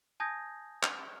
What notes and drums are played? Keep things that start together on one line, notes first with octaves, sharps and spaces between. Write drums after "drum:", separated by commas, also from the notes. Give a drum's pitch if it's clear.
G#5 A5 D#6 G6 G#6 A#6
drum: clap